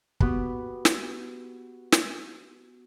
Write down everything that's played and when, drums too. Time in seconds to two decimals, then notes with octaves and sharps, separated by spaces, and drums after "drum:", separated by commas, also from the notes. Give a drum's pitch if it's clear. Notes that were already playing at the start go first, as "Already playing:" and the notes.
0.21 B3 F#4 G4 B4, drum: kick
0.85 drum: snare
1.92 drum: snare